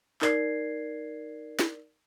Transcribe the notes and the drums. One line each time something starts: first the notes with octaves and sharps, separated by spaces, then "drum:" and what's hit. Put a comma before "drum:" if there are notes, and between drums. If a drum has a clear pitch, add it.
D#4 A#4 D5 G#6 C7, drum: clap
drum: snare